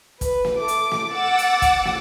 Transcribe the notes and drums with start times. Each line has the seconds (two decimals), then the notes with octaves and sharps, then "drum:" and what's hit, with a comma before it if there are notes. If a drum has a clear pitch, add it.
0.21 B4, drum: kick, hi-hat
0.45 drum: snare
0.59 A3 D6
0.68 drum: hi-hat
0.91 drum: snare
1.12 F#5 D6 E6 A6
1.38 drum: hi-hat
1.62 drum: kick, hi-hat
1.85 drum: snare